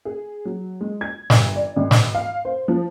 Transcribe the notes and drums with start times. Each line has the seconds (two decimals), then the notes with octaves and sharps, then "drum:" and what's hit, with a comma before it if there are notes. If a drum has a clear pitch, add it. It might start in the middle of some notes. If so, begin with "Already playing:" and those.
0.05 G#4
0.45 F#3
0.81 G#3
1.01 G#6
1.30 G1, drum: snare
1.56 D5
1.76 G#1
1.91 drum: snare
2.15 F5
2.45 C5
2.68 F3